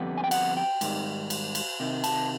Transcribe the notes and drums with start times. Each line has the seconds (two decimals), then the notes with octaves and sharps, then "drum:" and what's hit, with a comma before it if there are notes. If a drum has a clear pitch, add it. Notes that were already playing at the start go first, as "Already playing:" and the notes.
Already playing: F2 D3 G3 B3
0.18 G#5
0.24 G5
0.31 F#5, drum: cymbal
0.57 G5
0.81 G#2 D#3 G3, drum: cymbal
1.30 drum: cymbal
1.55 drum: cymbal
1.80 C3 D#3
2.04 A5, drum: cymbal